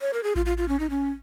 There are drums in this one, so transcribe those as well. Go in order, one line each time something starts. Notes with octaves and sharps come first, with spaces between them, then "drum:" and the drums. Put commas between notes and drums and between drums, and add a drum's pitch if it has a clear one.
C#5
A#4
G#4
F4, drum: kick A1
F4
F4
C#4
D#4
C#4